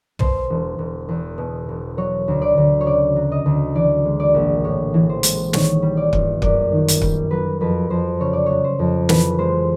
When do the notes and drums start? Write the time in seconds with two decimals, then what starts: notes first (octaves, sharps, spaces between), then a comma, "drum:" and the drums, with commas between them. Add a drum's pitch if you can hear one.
0.19 B2 C5, drum: tom
0.50 E1
0.79 E1
1.09 E2
1.38 B2
1.69 E1
1.97 F#3 C#5
2.28 D2
2.42 D5
2.57 D2
2.81 C#5
2.86 C#3 D5
3.16 F#3
3.32 D#5
3.46 D2
3.75 E3 D5
4.05 G#3
4.20 D5
4.34 A#1
4.64 A2 C#5
4.94 E3
5.09 C5
5.23 G#3, drum: hi-hat
5.53 D#3 C#5, drum: snare
5.82 G3
5.97 D5
6.13 G1, drum: kick
6.42 F#2 D5, drum: kick
6.72 D#3
6.88 drum: hi-hat
7.02 G3, drum: kick
7.31 F#3 B4
7.61 F2 B4
7.90 F2 C5
8.20 C#3 C#5
8.33 D5
8.46 F#3 C#5
8.64 C5
8.79 F2
9.09 E3 B4, drum: snare
9.38 G#3 C5